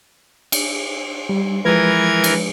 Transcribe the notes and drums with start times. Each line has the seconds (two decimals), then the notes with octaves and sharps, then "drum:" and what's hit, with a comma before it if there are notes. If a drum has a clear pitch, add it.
0.52 drum: cymbal
1.29 G3
1.65 E3 F3 G#3 A#4 B4 G#6
2.24 drum: cymbal